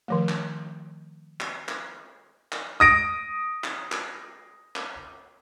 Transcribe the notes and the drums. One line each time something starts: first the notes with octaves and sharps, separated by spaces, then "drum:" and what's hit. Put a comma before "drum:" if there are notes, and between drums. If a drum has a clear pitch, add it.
D#3 F3 A3
drum: clap
drum: clap
drum: clap
drum: clap
D#6 A#6 D7
drum: clap
drum: clap
drum: clap